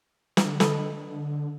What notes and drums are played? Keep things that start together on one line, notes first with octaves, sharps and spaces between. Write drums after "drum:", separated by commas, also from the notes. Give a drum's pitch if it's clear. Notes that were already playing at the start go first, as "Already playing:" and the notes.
D3, drum: snare
A4 B4 D#5, drum: snare